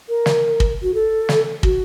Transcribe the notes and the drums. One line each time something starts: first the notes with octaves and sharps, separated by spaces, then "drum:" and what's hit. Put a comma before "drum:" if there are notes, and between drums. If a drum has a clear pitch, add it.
A#4
drum: snare
drum: kick
F#4
A4
drum: snare
F#4, drum: kick